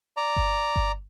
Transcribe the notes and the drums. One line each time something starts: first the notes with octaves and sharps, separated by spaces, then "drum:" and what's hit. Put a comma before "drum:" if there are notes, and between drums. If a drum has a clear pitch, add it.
D5 A#5
drum: kick G1
drum: kick G1